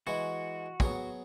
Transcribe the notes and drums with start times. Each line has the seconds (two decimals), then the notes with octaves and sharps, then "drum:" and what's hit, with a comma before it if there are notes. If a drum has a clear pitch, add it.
0.07 E3 G#3 E4 F#4
0.80 F#3 B3 G#4, drum: kick